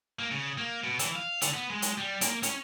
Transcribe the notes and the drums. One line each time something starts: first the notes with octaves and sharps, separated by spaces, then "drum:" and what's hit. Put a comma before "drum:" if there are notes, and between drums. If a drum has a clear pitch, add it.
A#3
C#3
A#3
B2
E3, drum: hi-hat
F5
D3, drum: hi-hat
B3
G#3
drum: hi-hat
G3
A#3, drum: hi-hat
C#4, drum: hi-hat